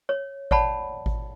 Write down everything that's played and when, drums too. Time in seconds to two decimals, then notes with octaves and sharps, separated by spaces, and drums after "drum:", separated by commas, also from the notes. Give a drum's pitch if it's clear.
0.09 C#5
0.51 C#5 D5 F#5 A5 B5, drum: kick G#1
1.06 drum: kick G#1